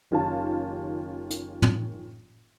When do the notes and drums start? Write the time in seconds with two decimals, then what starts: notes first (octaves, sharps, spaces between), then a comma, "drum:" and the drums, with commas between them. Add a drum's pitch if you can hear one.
0.11 F#1 D#3 C#4 F4 G4 A5
1.30 drum: hi-hat
1.62 drum: tom